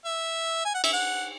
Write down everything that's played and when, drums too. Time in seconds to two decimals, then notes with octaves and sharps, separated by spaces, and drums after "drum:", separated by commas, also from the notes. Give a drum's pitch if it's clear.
0.05 E5
0.65 G#5
0.74 F#5
0.84 E5, drum: cymbal
0.93 F#5